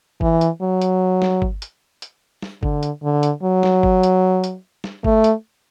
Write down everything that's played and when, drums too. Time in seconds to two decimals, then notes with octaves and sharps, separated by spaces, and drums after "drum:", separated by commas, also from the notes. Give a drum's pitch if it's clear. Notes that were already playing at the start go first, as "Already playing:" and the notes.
0.21 E3, drum: kick G1
0.41 drum: hi-hat
0.62 F#3
0.81 drum: hi-hat
1.22 drum: snare
1.42 drum: kick G1
1.62 drum: hi-hat
2.02 drum: hi-hat
2.42 drum: snare
2.63 D3, drum: kick G1
2.83 drum: hi-hat
3.03 D3
3.23 drum: hi-hat
3.43 F#3
3.63 drum: snare
3.83 drum: kick G1
4.03 drum: hi-hat
4.44 drum: hi-hat
4.84 drum: snare
5.04 A3, drum: kick G1
5.24 drum: hi-hat